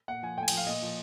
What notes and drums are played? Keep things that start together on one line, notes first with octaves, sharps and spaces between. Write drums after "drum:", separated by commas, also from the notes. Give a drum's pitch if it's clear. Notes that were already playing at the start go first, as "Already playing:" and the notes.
A#2 F#5
F3 G#5
A2 G5
G#5
G5, drum: cymbal
F3
F5
A#2 D#5
F3